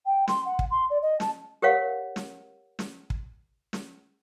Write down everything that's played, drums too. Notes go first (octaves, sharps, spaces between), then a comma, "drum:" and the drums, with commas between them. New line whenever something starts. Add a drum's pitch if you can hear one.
G5
C6, drum: snare
F#5
drum: kick
C6
D5
D#5
A5, drum: snare
G4 A#4 C#5 F5 F#5
drum: snare
drum: snare
drum: kick
drum: snare